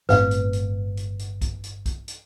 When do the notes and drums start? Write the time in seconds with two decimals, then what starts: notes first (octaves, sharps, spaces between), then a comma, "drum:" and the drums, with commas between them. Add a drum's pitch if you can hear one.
0.09 G1 A2 C4 B4 F5, drum: snare
0.31 drum: hi-hat
0.53 drum: hi-hat
0.97 drum: hi-hat
1.19 drum: hi-hat
1.41 drum: kick, hi-hat
1.64 drum: hi-hat
1.86 drum: kick, hi-hat
2.08 drum: hi-hat